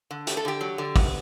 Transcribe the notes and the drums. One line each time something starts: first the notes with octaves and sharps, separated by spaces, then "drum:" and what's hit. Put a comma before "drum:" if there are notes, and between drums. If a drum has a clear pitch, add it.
D3
A3 G4, drum: hi-hat
A4
D3 G4
F#3
D3
B3, drum: kick, open hi-hat